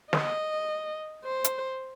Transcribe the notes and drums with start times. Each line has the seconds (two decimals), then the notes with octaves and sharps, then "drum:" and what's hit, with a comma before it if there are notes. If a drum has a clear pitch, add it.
0.13 D#5, drum: snare
1.25 C5
1.44 drum: hi-hat